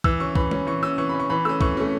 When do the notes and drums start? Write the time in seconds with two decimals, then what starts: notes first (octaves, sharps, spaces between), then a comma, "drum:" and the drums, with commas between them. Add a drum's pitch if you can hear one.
0.04 E3 E6, drum: kick
0.20 C#4 C#6
0.35 E3 B5, drum: kick
0.51 C#4, drum: tom
0.67 E3 C#6
0.83 C#4 E6
0.98 E3 C#6
1.09 B5
1.14 C#4
1.20 C#6
1.30 E3 B5
1.45 A3 C#4 E6
1.61 E3 C#6, drum: kick
1.77 A3 C#4